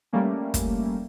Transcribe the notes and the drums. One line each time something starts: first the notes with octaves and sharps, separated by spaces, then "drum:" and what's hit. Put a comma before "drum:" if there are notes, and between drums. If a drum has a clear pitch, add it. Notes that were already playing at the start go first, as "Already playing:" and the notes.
G3 A3 A#3 C#4
drum: kick, hi-hat